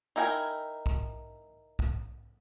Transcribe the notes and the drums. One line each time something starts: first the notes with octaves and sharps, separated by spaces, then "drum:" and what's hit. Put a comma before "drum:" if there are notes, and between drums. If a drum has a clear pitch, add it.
D#4 E4 A#4 G5 G#5
drum: kick A#1
drum: kick A#1